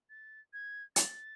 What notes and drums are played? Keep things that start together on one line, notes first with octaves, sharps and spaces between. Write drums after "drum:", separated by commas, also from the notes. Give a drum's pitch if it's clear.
A6
G#6
A6, drum: hi-hat